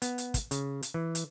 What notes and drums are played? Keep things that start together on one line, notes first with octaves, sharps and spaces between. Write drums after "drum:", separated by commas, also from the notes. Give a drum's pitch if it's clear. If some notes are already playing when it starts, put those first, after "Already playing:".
B3, drum: hi-hat
drum: hi-hat
drum: kick, hi-hat
C#3, drum: hi-hat
drum: hi-hat
E3
drum: hi-hat